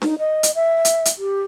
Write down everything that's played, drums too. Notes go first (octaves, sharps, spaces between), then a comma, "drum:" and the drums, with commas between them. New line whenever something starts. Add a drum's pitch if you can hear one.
D#4, drum: snare D4
D#5
drum: hi-hat
E5
drum: hi-hat
drum: hi-hat
G4